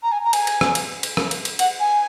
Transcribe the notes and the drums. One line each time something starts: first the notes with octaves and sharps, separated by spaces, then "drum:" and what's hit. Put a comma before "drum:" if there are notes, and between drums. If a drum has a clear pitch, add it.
A#5
G#5
A#5
G#5, drum: cymbal
drum: cymbal
drum: rim click
drum: cymbal
drum: cymbal
drum: rim click
drum: cymbal
drum: cymbal
F#5, drum: cymbal
G#5